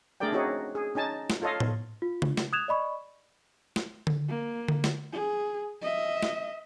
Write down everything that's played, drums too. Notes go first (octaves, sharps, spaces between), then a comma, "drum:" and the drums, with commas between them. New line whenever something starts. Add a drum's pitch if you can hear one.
A3 D4 G#4 A#4 D5 G5
C4 C#4 D#4 F#4 G#4 C#5
G#4
C#4 D#4 G#5 A5
drum: snare
F4 A4 C#5 D#5 F5
drum: tom A2
F4
drum: tom C#3
drum: snare
D#6 F#6 G#6 E7 F7
D5 D#5 B5 C#6
drum: snare
drum: tom D3
A#3
drum: tom D3
drum: snare
G#4
D#5 E5
drum: snare